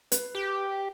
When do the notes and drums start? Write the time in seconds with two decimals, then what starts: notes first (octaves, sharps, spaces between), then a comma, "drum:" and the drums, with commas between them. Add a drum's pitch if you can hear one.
0.12 B4, drum: hi-hat
0.35 G4